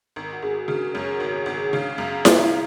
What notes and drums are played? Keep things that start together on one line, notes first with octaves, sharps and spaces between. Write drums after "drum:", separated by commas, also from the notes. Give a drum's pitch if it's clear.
G#1 A#4
F#4
G#1 G#4
C#3 G#4
F#2 C#5
G#1
G#1 C#5
C#3 F5
F#2
G#1, drum: snare E4